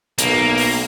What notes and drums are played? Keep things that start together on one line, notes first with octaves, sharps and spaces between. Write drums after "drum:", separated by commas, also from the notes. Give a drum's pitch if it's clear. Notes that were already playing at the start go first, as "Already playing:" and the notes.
B1 A#3, drum: hi-hat
drum: open hi-hat